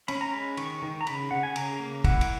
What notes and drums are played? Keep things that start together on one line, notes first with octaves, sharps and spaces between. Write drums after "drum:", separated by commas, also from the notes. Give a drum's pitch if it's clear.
C#4 B5, drum: cymbal
A#5
G#3 B5
D#3 C#6, drum: cymbal
D#3
A#5
C#3 B5, drum: cymbal
C#3 F#5
G#5
C#3 A#5, drum: cymbal
A#3
E4 F#5, drum: kick, cymbal
drum: cymbal